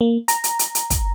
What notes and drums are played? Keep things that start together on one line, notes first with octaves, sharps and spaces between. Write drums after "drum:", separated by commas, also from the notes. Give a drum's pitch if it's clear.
A#3
A#5, drum: hi-hat
drum: hi-hat
drum: hi-hat
drum: hi-hat
drum: kick, hi-hat